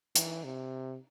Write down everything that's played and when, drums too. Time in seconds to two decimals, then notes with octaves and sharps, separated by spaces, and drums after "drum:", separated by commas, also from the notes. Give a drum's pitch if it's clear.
0.16 E3, drum: hi-hat
0.45 C3